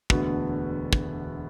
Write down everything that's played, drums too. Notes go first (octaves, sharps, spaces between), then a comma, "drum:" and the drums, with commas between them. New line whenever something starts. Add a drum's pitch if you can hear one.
E1 D2 D3 B3 F#4, drum: kick
drum: kick